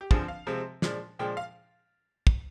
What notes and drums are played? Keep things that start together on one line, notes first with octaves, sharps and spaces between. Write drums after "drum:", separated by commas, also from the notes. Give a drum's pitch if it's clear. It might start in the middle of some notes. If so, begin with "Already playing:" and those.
G4
G2 D3 F3 C4 G#4, drum: kick
F5
C3 F3 G#3 C4
A#2 F3 G#3 D4, drum: snare
A#2 F3 G#3 D4 G5
F5
drum: kick